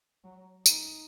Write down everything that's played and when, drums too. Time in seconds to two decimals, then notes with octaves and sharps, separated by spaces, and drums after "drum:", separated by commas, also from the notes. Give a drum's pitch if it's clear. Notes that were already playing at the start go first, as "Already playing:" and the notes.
0.24 F#3
0.66 D#4, drum: tambourine